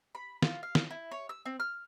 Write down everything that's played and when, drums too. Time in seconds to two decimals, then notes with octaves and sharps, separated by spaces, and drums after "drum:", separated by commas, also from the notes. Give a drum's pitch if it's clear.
0.15 B5
0.42 F4, drum: snare
0.63 F5
0.75 drum: snare
0.91 E4
1.11 C#5
1.29 E6
1.46 C4
1.60 F6